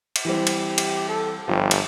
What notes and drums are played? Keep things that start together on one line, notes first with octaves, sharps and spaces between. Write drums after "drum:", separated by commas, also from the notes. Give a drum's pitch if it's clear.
drum: cymbal
E3 G3 C4 G4
drum: cymbal
drum: cymbal
A4
G1 F3 G4
drum: cymbal